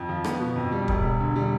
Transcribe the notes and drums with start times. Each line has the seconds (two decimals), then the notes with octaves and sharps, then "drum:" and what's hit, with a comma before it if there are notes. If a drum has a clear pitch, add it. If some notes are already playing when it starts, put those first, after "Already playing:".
Already playing: F2
0.09 F3
0.24 B3, drum: rim click
0.40 B2
0.56 F2
0.72 G3
0.88 E1, drum: kick
1.03 E1
1.20 D3
1.36 G3